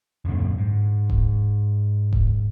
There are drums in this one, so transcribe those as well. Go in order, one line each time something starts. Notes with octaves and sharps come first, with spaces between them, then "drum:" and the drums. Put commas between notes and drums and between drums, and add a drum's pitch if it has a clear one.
D#1 F#2 A#2 D3
G#2
drum: kick D#1
drum: kick D#1